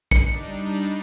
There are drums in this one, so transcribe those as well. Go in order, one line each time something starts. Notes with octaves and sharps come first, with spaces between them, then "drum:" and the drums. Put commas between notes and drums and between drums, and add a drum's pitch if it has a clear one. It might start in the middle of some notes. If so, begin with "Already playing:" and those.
G3 D4 D#4 C#7, drum: kick